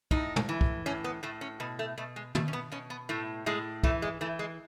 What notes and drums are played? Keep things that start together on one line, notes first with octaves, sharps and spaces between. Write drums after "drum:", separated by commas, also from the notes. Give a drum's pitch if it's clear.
A2 D#4, drum: kick
drum: tom
E3
drum: kick
A2 C#4
B3
A2 A3
C#4
B2 B3
A3
B2 A3
G#3
B2 A3, drum: tom
C#4
B3
B2 C#4
B3
A2 A3
A2 G#3
E3 A3, drum: kick
G#3
E3 A3
G#3